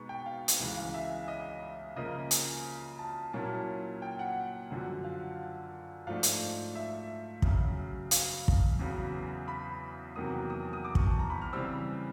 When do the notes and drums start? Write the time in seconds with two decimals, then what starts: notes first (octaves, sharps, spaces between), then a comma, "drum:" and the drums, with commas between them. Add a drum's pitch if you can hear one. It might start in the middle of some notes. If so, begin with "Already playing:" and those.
Already playing: B2 G#3 B3 D#4 C#6
0.09 G5
0.26 F5
0.48 drum: hi-hat
0.60 C#2 C#3 E3 G#3 F5
0.77 F5
0.94 E5
1.28 D#5
1.96 C#3 F3 A#3 D#5
2.31 G#5, drum: hi-hat
2.99 A5
3.33 A#2 F#3 A#3 C#4 E4 A5
4.02 G5
4.19 F#5
4.70 F#2 D3 F3
5.04 F5
6.07 G#2 F3 A3 D4 F5
6.23 drum: hi-hat
6.75 E5
7.42 F#2 C#3 F#3, drum: kick
8.11 F5, drum: hi-hat
8.48 drum: kick
8.79 E2 C#3 F#3 B3
9.48 B5
10.16 E2 C3 D#3 F#3 A#3 D#6
10.50 D#6
10.73 D#6
10.85 D6
10.95 C#6, drum: kick
11.07 A5
11.19 A#5
11.30 B5
11.41 F6
11.52 C#3 E3 G3 C4 E6